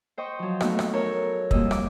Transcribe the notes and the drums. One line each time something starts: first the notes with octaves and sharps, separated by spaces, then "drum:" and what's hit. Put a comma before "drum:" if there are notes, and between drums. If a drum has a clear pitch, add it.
C5 D#5 G5 C#6
F3 F#3
A3 B3 D#4 F#4, drum: rim click
drum: rim click
D#4 A4 A#4 C#5
F2 G3 A#3 D#5 E6, drum: kick
D6, drum: rim click